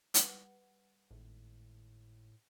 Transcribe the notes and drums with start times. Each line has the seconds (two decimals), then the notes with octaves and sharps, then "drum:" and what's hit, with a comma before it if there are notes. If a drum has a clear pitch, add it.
0.14 G3 B4 F#5, drum: hi-hat
1.10 G#1 A2